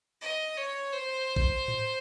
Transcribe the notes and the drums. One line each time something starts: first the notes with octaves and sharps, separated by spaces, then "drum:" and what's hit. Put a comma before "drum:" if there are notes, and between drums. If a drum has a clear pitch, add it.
D#5
C#5
C5
drum: kick A#1
drum: tom G#2